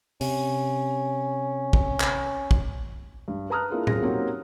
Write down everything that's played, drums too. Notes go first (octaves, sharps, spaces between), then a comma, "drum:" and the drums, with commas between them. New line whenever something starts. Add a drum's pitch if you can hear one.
C3 C#4, drum: open hi-hat
drum: kick
drum: clap
drum: kick
G2
B4 A5 A#5 D#6 F6 F#6
A#3 D4 E4 F4 G#4 A#4
D#1 B1 C#4 F4 G#4 A#6, drum: tom A2
F#3 A#3 C4 C#4 D#4 G4